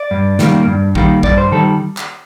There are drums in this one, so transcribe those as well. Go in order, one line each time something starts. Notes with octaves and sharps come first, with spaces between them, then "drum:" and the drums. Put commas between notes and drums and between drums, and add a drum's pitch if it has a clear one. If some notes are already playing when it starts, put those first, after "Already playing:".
Already playing: D5
G2
D#3 G3 A#3, drum: snare
G2
D#3 G3 A#3, drum: kick
G2 D5, drum: kick
C5
D#3 G3 A4
drum: clap